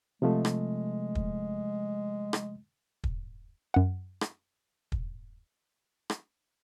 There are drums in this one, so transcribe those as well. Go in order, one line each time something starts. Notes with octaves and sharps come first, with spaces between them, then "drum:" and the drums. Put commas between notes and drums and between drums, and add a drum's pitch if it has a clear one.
C3 F3 G#3 A3
drum: rim click
drum: kick
drum: rim click
drum: kick
F#2 F#5
drum: rim click
drum: kick
drum: rim click